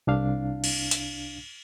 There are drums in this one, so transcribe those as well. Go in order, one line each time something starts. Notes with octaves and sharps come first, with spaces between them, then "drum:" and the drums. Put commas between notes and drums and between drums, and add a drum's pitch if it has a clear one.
C2 D4 F5
drum: cymbal
drum: hi-hat